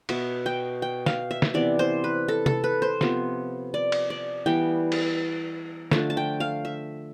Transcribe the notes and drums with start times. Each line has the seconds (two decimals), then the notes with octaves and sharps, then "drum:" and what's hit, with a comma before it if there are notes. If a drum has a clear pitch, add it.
0.09 B2 B3 E5, drum: cymbal
0.46 G5
0.82 G5
1.06 F5, drum: snare
1.31 E5
1.42 drum: snare
1.54 C3 E3 B3 D5
1.79 C5
2.04 B4
2.28 A4
2.46 A4, drum: tom
2.64 B4
2.82 C5
3.01 C3 F3 B3, drum: snare
3.74 D5
3.92 drum: cymbal
4.10 D5
4.46 E3 G3 B3 G5
4.92 drum: cymbal
5.91 D3 F3 A3 A5, drum: snare
6.10 A5
6.17 G5
6.40 F5
6.65 E5